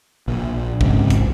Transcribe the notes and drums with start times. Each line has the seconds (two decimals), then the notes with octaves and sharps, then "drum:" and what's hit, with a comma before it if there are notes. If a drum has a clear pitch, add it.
0.28 A#1
0.81 C#2 G#2 C3, drum: kick
1.10 drum: kick, hi-hat